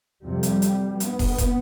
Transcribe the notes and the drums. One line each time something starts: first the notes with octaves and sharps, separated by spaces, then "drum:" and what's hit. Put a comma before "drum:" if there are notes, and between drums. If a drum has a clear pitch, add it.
F2 C3 G3
drum: hi-hat
drum: hi-hat
G2 B3, drum: hi-hat
drum: kick, open hi-hat
drum: kick, hi-hat